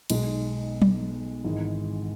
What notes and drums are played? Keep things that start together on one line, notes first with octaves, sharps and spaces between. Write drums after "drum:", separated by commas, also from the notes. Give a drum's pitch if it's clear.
B1 B2 G#3 D#4 G#4, drum: cymbal
drum: tom F#3
G#1 G#2 E3 G#3 D#4